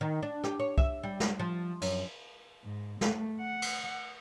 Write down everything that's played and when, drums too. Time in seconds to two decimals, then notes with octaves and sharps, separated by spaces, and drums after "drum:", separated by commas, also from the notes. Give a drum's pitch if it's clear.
0.01 D#3
0.23 D4
0.44 G4, drum: rim click
0.60 C#5
0.78 E5, drum: kick
1.03 G3
1.20 drum: snare
1.39 F3
1.82 F#2, drum: cymbal
2.64 G#2
3.01 A3, drum: snare
3.40 F#5
3.62 drum: cymbal